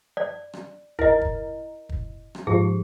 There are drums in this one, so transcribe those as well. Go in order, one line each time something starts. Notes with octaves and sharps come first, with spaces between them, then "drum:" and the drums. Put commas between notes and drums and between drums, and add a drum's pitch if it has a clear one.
D5
drum: rim click
E4 A#4 D#5, drum: kick
drum: kick
drum: kick
drum: rim click
G#2 F3 G4 G#4